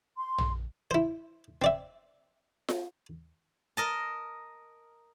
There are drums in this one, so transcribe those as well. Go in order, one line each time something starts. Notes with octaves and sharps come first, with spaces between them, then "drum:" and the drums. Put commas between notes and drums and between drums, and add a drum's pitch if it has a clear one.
C6
drum: tom
E4 C5
C4 D5 E5
drum: snare F4
A#4 D#5 A5